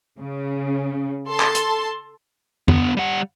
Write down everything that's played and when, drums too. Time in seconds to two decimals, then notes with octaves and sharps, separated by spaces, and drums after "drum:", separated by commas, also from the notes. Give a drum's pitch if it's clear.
0.18 C#3
1.29 A4 A5 C6
1.40 drum: clap
1.55 drum: hi-hat
2.68 D3 B3, drum: tom F2
2.97 G3 F#5